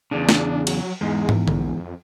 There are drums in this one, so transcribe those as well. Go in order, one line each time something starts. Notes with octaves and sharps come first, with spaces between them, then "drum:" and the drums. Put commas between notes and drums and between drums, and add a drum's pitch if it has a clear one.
E2 C#3 D4
drum: snare
F#3, drum: cymbal
E2 G#2 G#3
drum: tom
A#1, drum: tom D3
F2